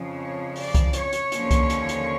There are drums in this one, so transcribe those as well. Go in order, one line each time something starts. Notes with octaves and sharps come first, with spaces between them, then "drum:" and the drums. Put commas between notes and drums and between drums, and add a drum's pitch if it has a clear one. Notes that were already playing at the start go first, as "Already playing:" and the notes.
Already playing: F2 C#3 F3
C#5
D5, drum: open hi-hat
drum: kick C2, hi-hat
C#5, drum: hi-hat
drum: hi-hat
D#2 D3 F3 A#3 C#4, drum: hi-hat
drum: kick C2, hi-hat
drum: hi-hat
drum: hi-hat